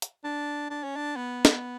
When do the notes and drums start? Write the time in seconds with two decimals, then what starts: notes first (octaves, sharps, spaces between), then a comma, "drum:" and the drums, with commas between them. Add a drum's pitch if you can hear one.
0.02 drum: hi-hat
0.24 D4
0.70 D4
0.84 C#4
0.96 D4
1.17 B3
1.45 drum: snare